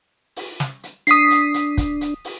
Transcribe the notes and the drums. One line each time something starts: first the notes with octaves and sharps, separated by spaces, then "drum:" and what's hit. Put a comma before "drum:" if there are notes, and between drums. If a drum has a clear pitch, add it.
drum: open hi-hat
drum: snare
drum: hi-hat
D4 D#6 B6 C7, drum: hi-hat
drum: hi-hat
drum: hi-hat
drum: kick, hi-hat
drum: hi-hat
drum: open hi-hat